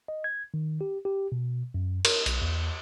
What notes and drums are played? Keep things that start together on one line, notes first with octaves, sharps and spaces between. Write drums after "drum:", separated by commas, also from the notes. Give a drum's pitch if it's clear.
D#5
G#6
D#3
G4
G4
B2
F#2
A#4, drum: cymbal
B1, drum: hi-hat
E2